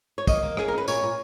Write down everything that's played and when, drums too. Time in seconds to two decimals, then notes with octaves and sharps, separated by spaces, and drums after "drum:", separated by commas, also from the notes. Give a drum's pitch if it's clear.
0.18 C#5
0.27 A#3 D#5, drum: kick, tambourine
0.43 A#3
0.57 C#4 G#4, drum: rim click
0.68 A#4
0.73 C#4 B4
0.88 A#2 C#5, drum: tambourine
1.03 A#2